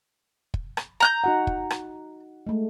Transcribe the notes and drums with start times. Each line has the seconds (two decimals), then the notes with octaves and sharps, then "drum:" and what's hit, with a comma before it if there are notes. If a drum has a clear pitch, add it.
0.54 drum: kick
0.77 drum: rim click
1.00 A#5 F#6 G6
1.24 D#4 F#4 F#5
1.47 drum: kick
1.70 drum: rim click
2.47 G#3 A3